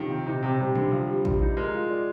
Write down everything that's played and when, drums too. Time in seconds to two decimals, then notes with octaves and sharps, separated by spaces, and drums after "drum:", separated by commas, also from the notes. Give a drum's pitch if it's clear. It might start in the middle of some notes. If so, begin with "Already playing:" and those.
Already playing: C3 D#3 F3
0.10 C4
0.26 C3 D#4
0.43 C3 C4
0.59 C3 G3
0.75 D3 G3, drum: tom C3
0.91 F3 G3
1.09 G3
1.25 G3, drum: kick
1.41 D#4
1.57 G#3 A#4
1.74 F4
1.90 D5